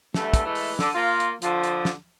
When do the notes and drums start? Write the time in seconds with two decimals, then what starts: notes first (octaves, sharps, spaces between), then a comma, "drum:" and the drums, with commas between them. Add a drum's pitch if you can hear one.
0.14 E2 G2 A3, drum: snare
0.34 drum: kick, hi-hat
0.45 E3 G#3 A3
0.55 drum: open hi-hat
0.79 D3, drum: snare
0.94 A#3 F4
1.20 drum: hi-hat
1.42 D3 F3, drum: hi-hat
1.63 drum: hi-hat
1.85 drum: snare